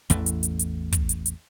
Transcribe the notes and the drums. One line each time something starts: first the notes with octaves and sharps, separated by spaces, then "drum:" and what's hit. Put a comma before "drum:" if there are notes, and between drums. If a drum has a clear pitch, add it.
A1 E2 E3 A3, drum: hi-hat
drum: hi-hat
drum: hi-hat
drum: hi-hat
drum: kick, hi-hat
drum: hi-hat
drum: hi-hat